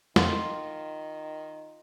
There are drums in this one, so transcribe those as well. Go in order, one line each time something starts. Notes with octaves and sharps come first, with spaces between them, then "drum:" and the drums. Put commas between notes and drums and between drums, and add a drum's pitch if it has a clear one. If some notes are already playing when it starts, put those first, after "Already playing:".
F2 D#3 F4, drum: snare